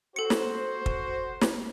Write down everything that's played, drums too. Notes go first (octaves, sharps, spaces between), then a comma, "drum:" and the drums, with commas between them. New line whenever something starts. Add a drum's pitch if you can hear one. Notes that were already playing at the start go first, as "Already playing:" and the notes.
F#4 A4 C5 C#7
drum: snare
drum: kick
drum: snare